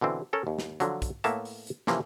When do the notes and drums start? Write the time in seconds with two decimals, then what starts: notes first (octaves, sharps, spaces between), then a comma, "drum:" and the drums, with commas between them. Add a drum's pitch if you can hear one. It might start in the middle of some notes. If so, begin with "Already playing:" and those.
0.01 B2 D3 E3 C4
0.33 C#4 A4 A#4 C#5
0.47 D#2
0.59 drum: snare
0.80 D3 F3 F#3, drum: hi-hat
1.02 drum: kick, hi-hat
1.24 A2 A#3 B3 C#5 E5 A5, drum: hi-hat
1.45 drum: open hi-hat
1.67 drum: hi-hat
1.87 C3 E3 F3 A#3 C4 C#4, drum: snare